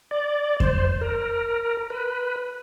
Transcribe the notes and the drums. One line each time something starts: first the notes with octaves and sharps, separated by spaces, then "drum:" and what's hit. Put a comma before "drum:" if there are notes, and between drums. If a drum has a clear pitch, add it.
D5
C5, drum: kick F2
A#4
B4